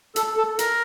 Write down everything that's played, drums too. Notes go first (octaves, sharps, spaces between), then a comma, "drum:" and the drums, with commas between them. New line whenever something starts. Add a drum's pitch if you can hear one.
A4, drum: hi-hat
A4
A#4, drum: hi-hat